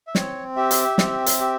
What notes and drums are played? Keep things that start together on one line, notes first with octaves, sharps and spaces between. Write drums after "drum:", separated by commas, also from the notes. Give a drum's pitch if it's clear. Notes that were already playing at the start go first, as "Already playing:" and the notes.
E5
C4 C#5, drum: snare
G4 E5
drum: hi-hat
C4, drum: snare
drum: hi-hat
G4